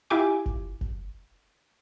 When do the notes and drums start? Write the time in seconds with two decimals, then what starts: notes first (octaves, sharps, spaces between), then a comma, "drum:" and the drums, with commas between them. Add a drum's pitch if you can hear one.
0.10 E4 F4 G4 G#5 D6
0.46 drum: kick F#1
0.81 drum: kick F#1